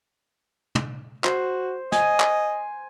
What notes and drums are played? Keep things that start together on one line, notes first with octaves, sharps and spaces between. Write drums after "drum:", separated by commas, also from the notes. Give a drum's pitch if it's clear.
drum: tom
F#4 C5, drum: clap
D#5 G#5, drum: snare
drum: clap